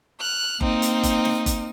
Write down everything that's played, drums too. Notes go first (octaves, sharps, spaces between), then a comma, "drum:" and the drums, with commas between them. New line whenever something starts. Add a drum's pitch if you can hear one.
F6 F#6
A#3 C4 D#4, drum: kick F#1
drum: hi-hat
drum: kick F#1, hi-hat
drum: snare
drum: kick F#1, hi-hat